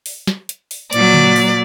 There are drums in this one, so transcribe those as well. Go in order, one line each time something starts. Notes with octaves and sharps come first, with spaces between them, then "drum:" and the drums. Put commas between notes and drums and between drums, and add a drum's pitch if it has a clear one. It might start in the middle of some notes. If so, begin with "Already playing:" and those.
drum: open hi-hat
drum: snare
drum: hi-hat
drum: open hi-hat
A#2 F#3 D5, drum: hi-hat
drum: tom C#3
drum: open hi-hat